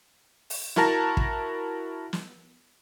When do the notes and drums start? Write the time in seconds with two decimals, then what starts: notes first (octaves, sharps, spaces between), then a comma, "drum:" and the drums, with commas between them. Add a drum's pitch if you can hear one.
0.50 drum: open hi-hat
0.76 E4 F#4 A#4 A5 A#5, drum: snare
1.17 drum: kick
2.13 drum: snare